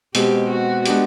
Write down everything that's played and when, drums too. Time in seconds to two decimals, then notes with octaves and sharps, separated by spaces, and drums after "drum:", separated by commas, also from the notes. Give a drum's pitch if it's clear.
0.15 B2 G#3 C4 G4, drum: hi-hat
0.50 F#4
0.86 G#3 B3 D4 G4, drum: hi-hat